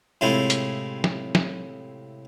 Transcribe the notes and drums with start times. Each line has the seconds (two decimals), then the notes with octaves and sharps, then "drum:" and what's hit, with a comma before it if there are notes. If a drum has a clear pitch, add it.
0.21 A2 C3 G#3 E4 F4
0.50 drum: hi-hat
1.04 drum: snare
1.35 drum: snare